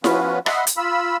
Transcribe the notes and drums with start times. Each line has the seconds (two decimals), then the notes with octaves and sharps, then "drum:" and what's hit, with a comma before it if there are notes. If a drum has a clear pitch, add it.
0.04 F3 B3 C#4 F4 F#4 B4, drum: snare E4
0.46 D#5 E5 F#5 B5 C6, drum: rim click
0.67 drum: hi-hat
0.77 F4 B5 E6